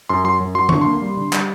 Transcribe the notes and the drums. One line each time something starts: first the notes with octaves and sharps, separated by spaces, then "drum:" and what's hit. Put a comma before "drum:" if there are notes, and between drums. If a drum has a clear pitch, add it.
F#2 C6
F#3 C6
F#2
F#3 C6
D3 C#6, drum: tom D#3
A#3 C6
G3
D3
G3, drum: clap